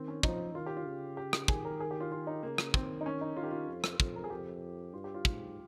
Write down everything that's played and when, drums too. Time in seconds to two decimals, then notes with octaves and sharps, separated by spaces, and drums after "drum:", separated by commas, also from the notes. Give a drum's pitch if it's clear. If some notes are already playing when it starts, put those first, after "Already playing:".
Already playing: D#3 C4
0.08 C#4
0.23 F3 D#4, drum: kick
0.55 D#3 F4
0.66 G4
0.77 F4
0.86 C#3
1.17 G4
1.33 drum: rim click
1.48 D#3 G#4, drum: kick
1.65 A#4
1.80 G#4
1.91 G4
2.00 F4
2.12 F4
2.27 D#4
2.43 C#3 A#3
2.58 drum: rim click
2.74 D#3 C4, drum: kick
3.01 D#4
3.06 C#4
3.21 D#4
3.36 D#3 F4
3.44 G4
3.51 F4
3.68 F2
3.84 drum: rim click
4.00 F2, drum: kick
4.16 A#4
4.24 G#4
4.30 F2 G4
4.93 G2 F4
5.04 G4
5.14 F4
5.25 G#2, drum: kick